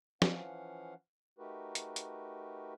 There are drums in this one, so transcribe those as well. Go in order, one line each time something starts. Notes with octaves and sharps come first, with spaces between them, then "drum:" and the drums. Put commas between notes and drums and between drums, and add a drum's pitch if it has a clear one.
E3 F3 C#4 F5 F#5, drum: snare
A3 D#4 F#4 G4 A#4 B4
drum: hi-hat
drum: hi-hat